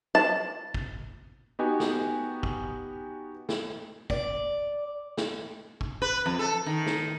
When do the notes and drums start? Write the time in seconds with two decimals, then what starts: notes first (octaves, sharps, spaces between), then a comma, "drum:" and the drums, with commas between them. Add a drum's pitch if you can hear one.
0.15 A5
0.74 drum: kick
1.59 B3 D#4 F#4 G4 D#5 G#5
1.80 drum: snare
2.43 drum: kick
3.49 drum: snare
4.10 D5, drum: kick
5.17 drum: snare
5.81 drum: kick
6.02 B4
6.26 F2
6.39 A4
6.66 D#3
6.86 drum: snare